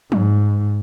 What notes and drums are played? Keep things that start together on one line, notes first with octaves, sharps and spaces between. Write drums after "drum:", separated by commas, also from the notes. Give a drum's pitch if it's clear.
G#2, drum: tom F3